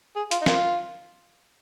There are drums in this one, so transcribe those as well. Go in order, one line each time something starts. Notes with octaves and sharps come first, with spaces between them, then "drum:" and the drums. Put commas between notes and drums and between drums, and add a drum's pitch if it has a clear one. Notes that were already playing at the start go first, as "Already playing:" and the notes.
G#4
F4, drum: hi-hat
D#4
A#3 F4, drum: snare